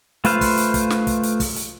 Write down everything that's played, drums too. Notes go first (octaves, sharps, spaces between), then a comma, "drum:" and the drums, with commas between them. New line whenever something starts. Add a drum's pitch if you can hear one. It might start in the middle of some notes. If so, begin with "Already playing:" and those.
A3 F4 B4 C5 F5, drum: hi-hat
drum: kick, open hi-hat
drum: hi-hat
drum: kick, hi-hat
drum: snare
drum: kick, hi-hat
drum: hi-hat
drum: kick, open hi-hat
drum: hi-hat